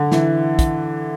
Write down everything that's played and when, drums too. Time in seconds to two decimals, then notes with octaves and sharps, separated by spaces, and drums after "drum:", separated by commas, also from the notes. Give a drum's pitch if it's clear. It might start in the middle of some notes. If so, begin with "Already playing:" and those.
Already playing: D3
0.12 E3, drum: snare
0.59 drum: kick, hi-hat